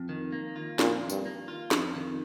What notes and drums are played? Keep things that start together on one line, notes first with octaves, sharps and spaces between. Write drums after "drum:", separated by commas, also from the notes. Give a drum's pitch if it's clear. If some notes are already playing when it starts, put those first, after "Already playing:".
Already playing: F2
D#3
A#3
F4
F2 A#2, drum: snare
D#3
G2, drum: tambourine
A#3
F4
F2, drum: snare
D#3